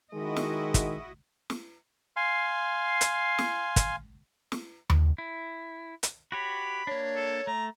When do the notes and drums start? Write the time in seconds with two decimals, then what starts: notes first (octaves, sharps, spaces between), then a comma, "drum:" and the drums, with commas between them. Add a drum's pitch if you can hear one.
0.14 D#3 G#3 E4 F#4 D#5
0.36 drum: snare
0.74 drum: kick, hi-hat
1.50 drum: snare
2.16 F5 G#5 C6
3.01 drum: hi-hat
3.39 drum: snare
3.76 drum: kick, hi-hat
4.52 drum: snare
4.90 drum: tom D#2
5.18 E4
6.03 drum: hi-hat
6.32 F#4 G4 C#5 B5
6.87 A#3 D4 C#5
7.16 A4
7.47 A3 A#5